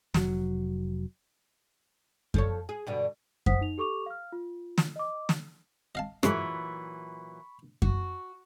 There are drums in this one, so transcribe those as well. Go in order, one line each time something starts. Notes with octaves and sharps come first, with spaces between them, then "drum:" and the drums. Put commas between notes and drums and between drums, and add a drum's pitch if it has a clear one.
F1 F#3, drum: snare
F3 A4 C#5, drum: kick F#2
G#4
G2 B2 D3
C5 F#5 D#6 B6, drum: kick F#2
D#4 F7
G4 A4 C#6 D6 F7
F5 F6
F4
drum: snare
D#5 D6
drum: snare
D#5 F5 A5
F#2 A#2 C#3 E3 F#3 G#3 B5 C#6, drum: rim click
F#4, drum: kick F#2